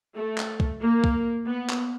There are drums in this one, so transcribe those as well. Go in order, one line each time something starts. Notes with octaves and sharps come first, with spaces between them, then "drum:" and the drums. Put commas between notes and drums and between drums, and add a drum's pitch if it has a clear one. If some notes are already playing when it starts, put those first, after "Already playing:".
A3
drum: clap
drum: kick
A#3
drum: kick
B3
drum: clap